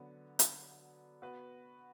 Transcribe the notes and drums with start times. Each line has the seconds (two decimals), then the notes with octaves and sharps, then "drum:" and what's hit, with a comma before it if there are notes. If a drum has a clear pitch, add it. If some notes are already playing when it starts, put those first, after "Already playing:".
Already playing: D3 F#3 B3
0.39 drum: hi-hat
1.22 B3 F#4 B4